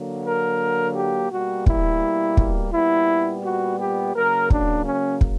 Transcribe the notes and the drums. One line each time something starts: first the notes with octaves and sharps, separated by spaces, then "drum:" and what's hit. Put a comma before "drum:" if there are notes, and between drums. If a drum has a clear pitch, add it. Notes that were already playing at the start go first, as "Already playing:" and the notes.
Already playing: D3 F#3 A#3
A#4
G4
B2 G3 A#3 F#4
E4, drum: kick
drum: kick
A#2 G3 B3 E4
F#4
G4
C#3 F#3 A#3 A#4
D4, drum: kick
C#4
drum: kick